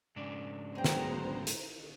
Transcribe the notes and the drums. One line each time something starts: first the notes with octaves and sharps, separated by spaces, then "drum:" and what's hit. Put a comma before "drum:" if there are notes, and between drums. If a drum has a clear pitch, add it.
G#2 C#3 D4
D2 F#3 B3 G#4 C5 G5 A#5
drum: snare
drum: hi-hat